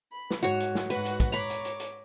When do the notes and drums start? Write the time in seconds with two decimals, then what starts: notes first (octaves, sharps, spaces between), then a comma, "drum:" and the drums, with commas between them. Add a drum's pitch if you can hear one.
0.11 B5
0.30 drum: snare
0.43 G#2 F#4 C#5
0.60 drum: hi-hat
0.75 drum: snare
0.90 G#2 F#4 B4 F#5, drum: hi-hat
1.05 drum: hi-hat
1.20 drum: kick, hi-hat
1.32 C#5 A#5 B5 D6, drum: hi-hat
1.50 drum: hi-hat
1.65 drum: hi-hat
1.80 drum: hi-hat